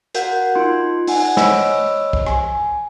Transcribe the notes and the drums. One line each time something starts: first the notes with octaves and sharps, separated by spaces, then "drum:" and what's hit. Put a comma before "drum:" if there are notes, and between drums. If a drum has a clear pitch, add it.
F#4 A#4 F5 F#5 G6, drum: hi-hat
D#4 F4 C6
D#4 F#5 G#5, drum: open hi-hat
C5 C#5 D#5 B5 E6, drum: snare
drum: kick
G#5, drum: rim click